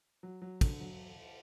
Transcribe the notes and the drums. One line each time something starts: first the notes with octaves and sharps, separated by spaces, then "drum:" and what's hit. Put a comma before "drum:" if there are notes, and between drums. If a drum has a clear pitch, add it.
F#3
F#3
D3, drum: kick, cymbal
F#3